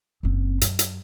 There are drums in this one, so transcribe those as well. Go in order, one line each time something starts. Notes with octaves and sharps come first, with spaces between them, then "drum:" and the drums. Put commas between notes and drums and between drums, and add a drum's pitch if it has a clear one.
F#1 C4
F#2, drum: hi-hat
drum: hi-hat